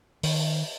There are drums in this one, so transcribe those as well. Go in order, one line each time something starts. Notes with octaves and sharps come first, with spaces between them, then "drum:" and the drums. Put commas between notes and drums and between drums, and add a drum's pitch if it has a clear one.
D#3, drum: open hi-hat